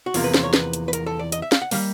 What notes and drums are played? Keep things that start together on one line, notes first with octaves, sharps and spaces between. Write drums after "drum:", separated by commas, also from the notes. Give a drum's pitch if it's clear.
F#4
E2 C3 F3 A#3 F4, drum: open hi-hat
B4
C5, drum: snare
C#5
B4, drum: snare
drum: hi-hat
B4
A#4, drum: hi-hat
A4
D5
D#5, drum: hi-hat
E5
F5, drum: snare
F#5
D#3 G3 A#3 F5, drum: open hi-hat